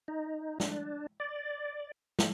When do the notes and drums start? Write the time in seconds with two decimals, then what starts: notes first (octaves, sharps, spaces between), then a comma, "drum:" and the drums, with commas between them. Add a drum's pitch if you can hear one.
0.08 D#4
0.60 D4, drum: snare
1.20 D5
2.19 drum: snare